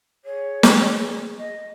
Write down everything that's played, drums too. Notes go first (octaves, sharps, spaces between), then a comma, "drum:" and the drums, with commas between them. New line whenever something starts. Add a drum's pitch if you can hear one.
G#4 C#5
drum: snare
D#5